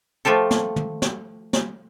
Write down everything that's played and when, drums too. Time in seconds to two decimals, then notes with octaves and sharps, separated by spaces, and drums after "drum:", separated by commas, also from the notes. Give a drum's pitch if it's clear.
0.25 F3 A3 F4 G4 A4
0.51 drum: snare
0.76 drum: tom
1.02 drum: snare
1.53 drum: snare